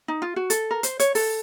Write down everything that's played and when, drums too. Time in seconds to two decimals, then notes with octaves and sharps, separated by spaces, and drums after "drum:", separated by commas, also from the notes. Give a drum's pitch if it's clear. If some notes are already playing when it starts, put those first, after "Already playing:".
0.08 D#4
0.22 F4
0.36 F#4
0.50 A4, drum: hi-hat
0.71 A#4
0.83 C5, drum: hi-hat
1.00 C#5, drum: hi-hat
1.15 A4, drum: open hi-hat